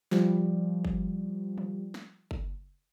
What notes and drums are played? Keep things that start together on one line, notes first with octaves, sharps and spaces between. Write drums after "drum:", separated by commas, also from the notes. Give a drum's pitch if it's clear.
F3 G3, drum: snare
drum: kick
drum: tom
drum: snare
drum: kick